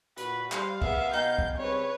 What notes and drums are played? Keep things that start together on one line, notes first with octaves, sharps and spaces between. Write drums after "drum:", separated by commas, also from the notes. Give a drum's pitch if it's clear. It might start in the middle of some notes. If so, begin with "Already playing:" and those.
A#2 F#4 B4, drum: hi-hat
G3 B4 C5 F5 C6, drum: clap
C3 A#3 B3 G#4 E5, drum: kick C2
B2 B3 D#4 G5 G#5 G6
drum: kick C2
C#3 G3 C4 B4 C#5